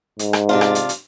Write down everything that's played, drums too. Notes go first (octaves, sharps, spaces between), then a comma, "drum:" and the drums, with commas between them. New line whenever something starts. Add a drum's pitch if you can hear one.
G#2, drum: hi-hat
drum: rim click
C3 D4 F4
drum: rim click
drum: hi-hat
drum: hi-hat